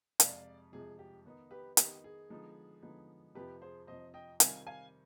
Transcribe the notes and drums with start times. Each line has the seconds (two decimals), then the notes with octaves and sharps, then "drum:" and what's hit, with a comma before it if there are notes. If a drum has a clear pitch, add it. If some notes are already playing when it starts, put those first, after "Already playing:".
0.20 F2 C3 F3 G#3 D5 F5, drum: hi-hat
0.72 F2 C3 F3 G#3 G#4
0.99 G4
1.25 D#3 B3 D#4
1.51 G4 B4
1.77 D#3 B3 D#4 G4, drum: hi-hat
2.04 G#4
2.30 D3 F3 G#3 B3 D#4
2.82 D3 F3 G#3 B3 D#4
3.35 F2 C3 F3 G4 B4
3.61 G#4 C5
3.87 F2 C3 F3 C5 D#5
4.14 D#5 G5
4.40 C3 D#3 G3 C4 F4 F5 G#5, drum: hi-hat
4.67 F5 G#5